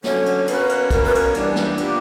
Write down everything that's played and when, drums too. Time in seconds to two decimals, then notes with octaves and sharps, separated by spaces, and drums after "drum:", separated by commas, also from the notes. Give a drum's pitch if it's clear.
0.04 D3 F#3 C#4 C#5, drum: snare
0.26 drum: cymbal
0.48 B2 A#3 C#4 F#4 B4, drum: cymbal
0.69 drum: cymbal
0.90 B2 A#3 C#4 A#4, drum: kick, cymbal
1.04 B4
1.15 A#4, drum: cymbal
1.34 E3 G3 B3 D4, drum: cymbal
1.56 drum: snare
1.78 A#2 G3 B3 D4 G4, drum: cymbal